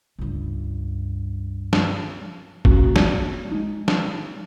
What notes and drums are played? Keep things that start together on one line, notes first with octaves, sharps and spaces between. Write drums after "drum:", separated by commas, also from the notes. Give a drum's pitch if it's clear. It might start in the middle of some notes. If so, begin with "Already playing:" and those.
C#2 G2
drum: snare
A#3 C#4 F#4, drum: kick
drum: snare
G#3 D#4
drum: snare